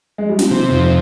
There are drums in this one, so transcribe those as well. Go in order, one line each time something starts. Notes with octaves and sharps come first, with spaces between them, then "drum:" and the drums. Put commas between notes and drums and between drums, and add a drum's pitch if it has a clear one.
G#3
G3
F3, drum: snare
C3 D#3
F2 F3